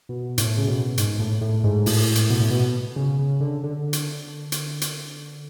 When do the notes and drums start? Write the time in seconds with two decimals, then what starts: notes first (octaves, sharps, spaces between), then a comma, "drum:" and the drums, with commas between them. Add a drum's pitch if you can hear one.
0.09 B2
0.38 A2, drum: hi-hat
0.57 C#3
0.67 B2
0.98 G#2, drum: hi-hat
1.20 A2
1.41 A2
1.64 G#2
1.86 A2, drum: open hi-hat
2.15 drum: hi-hat
2.30 B2
2.40 A2
2.50 B2
2.96 C#3
3.19 C#3
3.40 D3
3.63 D3
3.93 drum: hi-hat
4.52 drum: hi-hat
4.81 drum: hi-hat